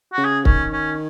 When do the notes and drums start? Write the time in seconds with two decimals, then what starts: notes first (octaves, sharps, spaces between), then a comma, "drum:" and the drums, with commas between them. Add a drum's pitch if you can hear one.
0.13 C#3 F#4
0.25 G#4
0.45 D#3 C#4, drum: kick C#1
0.73 C#4